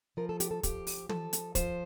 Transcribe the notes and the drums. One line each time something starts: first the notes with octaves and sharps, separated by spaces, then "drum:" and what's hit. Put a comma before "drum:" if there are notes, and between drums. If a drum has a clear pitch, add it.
F3 A#4
A4
G4, drum: hi-hat
A4
F3 G4, drum: kick, hi-hat
drum: open hi-hat
F3 A4, drum: tom
drum: hi-hat
F3 C5, drum: kick, hi-hat